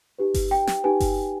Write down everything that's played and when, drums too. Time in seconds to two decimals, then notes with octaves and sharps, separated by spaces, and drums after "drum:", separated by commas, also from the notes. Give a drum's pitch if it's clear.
0.18 D#4 G4 B4
0.34 drum: kick G1, open hi-hat
0.51 G5
0.67 drum: snare
0.84 D#4 G4 B4 G#5
1.00 drum: kick G1, open hi-hat